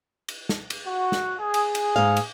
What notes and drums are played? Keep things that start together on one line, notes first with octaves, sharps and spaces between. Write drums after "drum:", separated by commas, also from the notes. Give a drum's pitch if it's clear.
drum: cymbal
drum: snare
drum: cymbal
F#4
drum: snare
G#4
drum: cymbal
drum: cymbal
G#2 F5
drum: cymbal